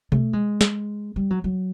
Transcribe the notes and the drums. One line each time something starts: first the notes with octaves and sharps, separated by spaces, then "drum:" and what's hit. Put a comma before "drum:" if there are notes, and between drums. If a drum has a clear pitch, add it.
A3, drum: tom B2
G#3
drum: snare
G3
F#3
F#3